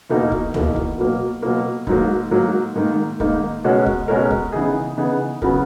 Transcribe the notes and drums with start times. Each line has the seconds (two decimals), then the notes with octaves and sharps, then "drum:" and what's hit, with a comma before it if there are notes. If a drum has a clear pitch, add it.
0.10 E2 B2 A#3 D#4 A#4
0.32 drum: kick
0.54 E2 B2 A#3 D#4 A#4, drum: tom C#2
0.76 drum: kick
0.98 B2 F#3 A#3
1.42 B2 F#3 A#3
1.87 G#2 F#3 A#3, drum: kick
2.31 G#2 F#3 A#3
2.75 G#2 D#3 A#3 D#4
3.20 G#2 D#3 A#3 D#4, drum: kick
3.64 B2 G#3 C#4 F#4 A#4
3.86 drum: kick
4.08 B2 G#3 C#4 F#4 A#4
4.31 drum: kick
4.52 C#3 E3 B3 D#4 G#4
4.97 C#3 E3 B3 D#4 G#4
5.42 C#3 F#3 B3 F#4 A#4, drum: kick